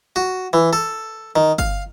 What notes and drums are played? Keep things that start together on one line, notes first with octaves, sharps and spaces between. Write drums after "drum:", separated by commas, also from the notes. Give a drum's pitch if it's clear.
F#4
E3
A4
D#3
F5, drum: kick G1